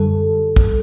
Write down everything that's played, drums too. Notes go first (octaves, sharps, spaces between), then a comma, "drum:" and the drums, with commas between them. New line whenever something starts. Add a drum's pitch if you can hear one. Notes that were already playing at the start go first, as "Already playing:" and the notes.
Already playing: F#2 D3 G3 A4
drum: kick